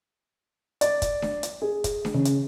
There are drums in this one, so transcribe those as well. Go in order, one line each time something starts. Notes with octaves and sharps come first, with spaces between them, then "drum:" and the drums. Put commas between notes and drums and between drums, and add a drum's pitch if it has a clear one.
D5, drum: hi-hat
drum: kick, hi-hat
drum: snare D4
drum: hi-hat
G#4
drum: kick, hi-hat
drum: snare D4
C#3
drum: hi-hat